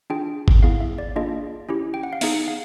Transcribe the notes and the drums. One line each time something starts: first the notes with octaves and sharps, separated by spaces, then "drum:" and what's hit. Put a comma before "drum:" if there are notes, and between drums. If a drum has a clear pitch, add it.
D4 F4 G#4 G5
drum: kick G#1
B3 E4 G#4 F5
E5
D5
A#3 D4 F4 G#4 D#5
C#4 E4 G4
G5
F#5
F5
B3 D#4 G#4 E5, drum: open hi-hat
F5